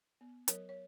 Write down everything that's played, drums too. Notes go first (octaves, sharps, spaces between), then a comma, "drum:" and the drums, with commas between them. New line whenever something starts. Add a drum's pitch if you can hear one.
B3
F#3 A#4 C#5, drum: hi-hat
C#5